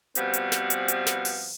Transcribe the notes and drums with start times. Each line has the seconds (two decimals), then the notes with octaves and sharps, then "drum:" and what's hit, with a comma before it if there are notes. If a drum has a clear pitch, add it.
0.15 B2 F3 G3 B3 C4, drum: hi-hat
0.34 drum: hi-hat
0.52 drum: snare
0.70 drum: hi-hat
0.88 drum: hi-hat
1.07 drum: snare
1.25 drum: open hi-hat